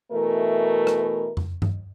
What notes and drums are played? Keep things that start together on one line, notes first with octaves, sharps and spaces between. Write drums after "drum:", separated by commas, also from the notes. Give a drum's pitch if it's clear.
B2 E3 A3 A#4
drum: rim click
drum: tom F2
drum: tom G2